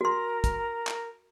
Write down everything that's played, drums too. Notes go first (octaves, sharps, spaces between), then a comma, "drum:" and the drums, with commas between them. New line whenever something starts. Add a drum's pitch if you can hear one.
F#4 A#4 C6
drum: kick, hi-hat
drum: clap